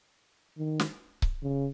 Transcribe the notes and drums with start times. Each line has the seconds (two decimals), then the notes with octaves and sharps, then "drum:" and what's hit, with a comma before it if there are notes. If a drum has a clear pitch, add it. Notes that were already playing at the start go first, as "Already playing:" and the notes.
0.58 D#3
0.80 drum: snare
1.22 drum: kick C#1
1.43 C#3